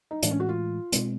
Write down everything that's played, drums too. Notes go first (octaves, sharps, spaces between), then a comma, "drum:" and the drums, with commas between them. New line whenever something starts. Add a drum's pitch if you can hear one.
D#4
A2 E3 G#3 D4, drum: hi-hat
C#4
F#4
F4
B2 G#3 C4, drum: hi-hat